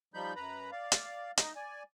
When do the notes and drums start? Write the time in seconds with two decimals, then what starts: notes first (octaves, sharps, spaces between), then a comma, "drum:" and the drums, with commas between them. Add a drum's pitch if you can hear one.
0.14 F3 G3 D#4 B5 G6
0.36 F#2 B4 A#5 B5
0.72 D5 F5
0.92 drum: hi-hat
1.38 D#4 D#5, drum: hi-hat
1.56 D5 G#5